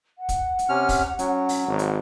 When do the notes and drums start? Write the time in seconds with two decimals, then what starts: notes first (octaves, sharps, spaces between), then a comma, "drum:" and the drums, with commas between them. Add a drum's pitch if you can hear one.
0.18 F#5
0.29 drum: kick, hi-hat
0.59 drum: hi-hat
0.69 C3 C#4 F6
0.89 drum: kick, open hi-hat
1.19 F#3 C#4, drum: hi-hat
1.49 drum: open hi-hat
1.67 G#1
1.79 drum: hi-hat